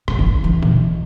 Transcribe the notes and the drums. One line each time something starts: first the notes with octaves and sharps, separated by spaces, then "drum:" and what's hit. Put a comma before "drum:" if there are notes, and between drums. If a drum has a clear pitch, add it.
C#3, drum: rim click
D#3, drum: kick
D3
E3
B2, drum: tom